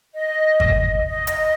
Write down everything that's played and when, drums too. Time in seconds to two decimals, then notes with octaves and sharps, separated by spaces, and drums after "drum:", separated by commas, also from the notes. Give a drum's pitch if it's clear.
0.14 D#5
0.60 drum: kick G1
1.06 D#5
1.27 drum: hi-hat